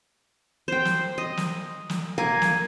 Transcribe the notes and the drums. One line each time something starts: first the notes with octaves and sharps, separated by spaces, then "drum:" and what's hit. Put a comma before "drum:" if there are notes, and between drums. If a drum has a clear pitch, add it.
C5 G5
drum: snare
D#5
drum: snare
drum: snare
A#3 G#5
drum: snare